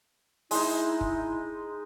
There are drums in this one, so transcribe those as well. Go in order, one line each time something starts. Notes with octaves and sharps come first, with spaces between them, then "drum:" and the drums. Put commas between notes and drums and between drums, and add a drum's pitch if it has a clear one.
G#3 D#4 E4, drum: open hi-hat
drum: kick